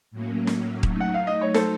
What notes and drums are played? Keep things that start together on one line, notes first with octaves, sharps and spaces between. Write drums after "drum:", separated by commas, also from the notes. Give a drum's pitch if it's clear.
A2 F#3 A#3 C#4
drum: snare
F#3 A3 D#4, drum: kick D#1
F#5
F5
D#5
C#5
A4 C5, drum: snare